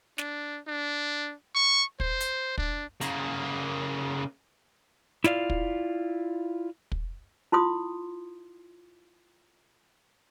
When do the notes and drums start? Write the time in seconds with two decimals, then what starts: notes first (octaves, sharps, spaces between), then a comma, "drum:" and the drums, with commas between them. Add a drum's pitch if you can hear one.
0.18 D4, drum: snare
0.67 D4
1.55 C#6
2.00 C5, drum: kick
2.20 drum: hi-hat
2.58 D4, drum: kick
3.01 C#3 A#3, drum: hi-hat
5.24 E4 F4 D5 F5, drum: snare
5.50 drum: kick
6.92 drum: kick
7.52 E4 F4 C6 D#6